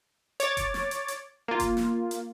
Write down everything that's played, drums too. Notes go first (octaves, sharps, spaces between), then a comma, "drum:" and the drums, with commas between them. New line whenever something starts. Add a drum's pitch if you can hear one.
C#5 D6 A6, drum: hi-hat
drum: kick F1, hi-hat
drum: snare
drum: hi-hat
drum: hi-hat
A#3 F4
drum: kick F1, hi-hat
drum: snare
drum: hi-hat